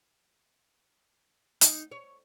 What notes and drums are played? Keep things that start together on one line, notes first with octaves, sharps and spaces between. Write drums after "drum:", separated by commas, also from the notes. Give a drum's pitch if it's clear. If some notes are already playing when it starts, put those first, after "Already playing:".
D#4, drum: hi-hat
C#5